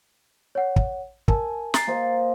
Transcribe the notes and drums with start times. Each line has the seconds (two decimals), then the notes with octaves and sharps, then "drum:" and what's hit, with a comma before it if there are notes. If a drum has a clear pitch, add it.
0.55 C#5 F#5
0.76 drum: kick
1.28 A#4 G#5 A5, drum: kick
1.74 A#5 A6 C7, drum: snare
1.87 A#3 C5 D#5